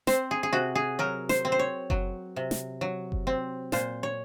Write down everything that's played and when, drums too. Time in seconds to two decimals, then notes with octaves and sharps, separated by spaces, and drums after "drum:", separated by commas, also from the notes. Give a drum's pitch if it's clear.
0.07 C4 C5, drum: snare
0.31 G#4
0.43 G#4
0.53 C3 F#4
0.75 G#4
0.99 F#3 A#4
1.29 C5, drum: snare
1.45 C4
1.52 C5
1.59 C#5
1.90 F#3, drum: kick F#1
2.36 C3
2.51 drum: snare
2.81 F#3
3.12 drum: kick F#1
3.27 C4
3.72 A#2 C5, drum: snare
4.03 C#5